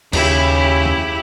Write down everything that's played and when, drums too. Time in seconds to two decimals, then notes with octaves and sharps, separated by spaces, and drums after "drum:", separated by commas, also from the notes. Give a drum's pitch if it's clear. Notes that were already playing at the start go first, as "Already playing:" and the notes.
0.13 D#2 C#3 E4 G4, drum: cymbal
0.85 drum: tom F2